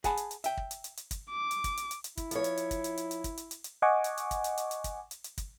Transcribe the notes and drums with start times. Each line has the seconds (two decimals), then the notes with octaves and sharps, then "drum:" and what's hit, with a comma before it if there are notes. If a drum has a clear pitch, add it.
0.04 G#4 F#5 G#5 A5 B5, drum: kick, hi-hat
0.17 drum: hi-hat
0.31 drum: hi-hat
0.44 E5 G5, drum: hi-hat
0.57 drum: kick
0.71 drum: hi-hat
0.84 drum: hi-hat
0.97 drum: hi-hat
1.11 drum: kick, hi-hat
1.30 D6
1.51 drum: hi-hat
1.64 drum: kick, hi-hat
1.77 drum: hi-hat
1.91 drum: hi-hat
2.04 drum: hi-hat
2.17 E4, drum: kick, hi-hat
2.31 F3 C#5, drum: hi-hat
2.44 drum: hi-hat
2.57 drum: hi-hat
2.71 drum: kick, hi-hat
2.84 drum: hi-hat
2.97 drum: hi-hat
3.11 drum: hi-hat
3.24 drum: kick, hi-hat
3.37 drum: hi-hat
3.51 drum: hi-hat
3.64 drum: hi-hat
3.82 D#5 F#5 G#5 C#6 D6
4.04 drum: hi-hat
4.18 drum: hi-hat
4.31 drum: kick, hi-hat
4.44 drum: hi-hat
4.58 drum: hi-hat
4.71 drum: hi-hat
4.84 drum: kick, hi-hat
5.11 drum: hi-hat
5.24 drum: hi-hat
5.38 drum: kick, hi-hat